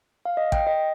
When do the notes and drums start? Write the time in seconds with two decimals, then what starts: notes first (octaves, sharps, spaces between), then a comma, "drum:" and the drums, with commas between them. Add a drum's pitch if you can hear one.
0.25 F5
0.37 D#5
0.52 G5, drum: kick
0.67 D#5